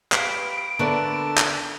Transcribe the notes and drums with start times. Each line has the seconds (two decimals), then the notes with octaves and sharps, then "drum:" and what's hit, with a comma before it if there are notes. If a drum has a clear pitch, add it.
0.12 G4 B4 C5 F5 D7, drum: clap
0.79 D3 A3 B3 A#4 B4 D5 A5
1.38 drum: clap